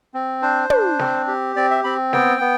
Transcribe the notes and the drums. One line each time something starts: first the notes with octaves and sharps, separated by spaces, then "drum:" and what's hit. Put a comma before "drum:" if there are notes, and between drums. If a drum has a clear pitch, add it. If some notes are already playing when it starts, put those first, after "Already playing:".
C4
D4 C5
D4, drum: tom
C4, drum: snare
G4
C4 D5
E5
C4 B5
B3 G5, drum: snare
B3